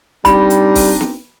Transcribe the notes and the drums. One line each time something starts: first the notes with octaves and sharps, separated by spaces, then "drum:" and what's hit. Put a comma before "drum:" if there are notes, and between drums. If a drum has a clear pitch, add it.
G3 C4 D4 D#4 B5, drum: kick, hi-hat
drum: hi-hat
drum: kick, open hi-hat
drum: snare